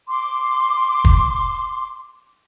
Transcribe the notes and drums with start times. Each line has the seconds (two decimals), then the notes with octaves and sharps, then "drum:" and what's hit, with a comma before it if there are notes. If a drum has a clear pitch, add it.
0.08 C6 D6
1.05 drum: kick